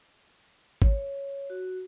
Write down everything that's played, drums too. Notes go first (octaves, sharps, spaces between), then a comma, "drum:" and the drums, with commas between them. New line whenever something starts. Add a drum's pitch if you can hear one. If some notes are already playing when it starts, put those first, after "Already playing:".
C#5, drum: kick G#1
F#4